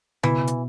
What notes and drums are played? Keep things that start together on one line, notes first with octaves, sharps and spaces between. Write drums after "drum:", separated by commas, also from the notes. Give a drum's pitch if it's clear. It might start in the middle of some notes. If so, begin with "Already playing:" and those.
B2 E3, drum: tom C#3
drum: hi-hat